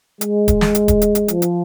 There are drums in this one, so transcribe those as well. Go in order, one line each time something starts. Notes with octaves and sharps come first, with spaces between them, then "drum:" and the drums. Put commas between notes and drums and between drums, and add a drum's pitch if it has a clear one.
G#3, drum: hi-hat
drum: kick D#1, hi-hat
drum: snare
drum: hi-hat
drum: kick D#1, hi-hat
drum: hi-hat
drum: hi-hat
F3, drum: hi-hat
drum: hi-hat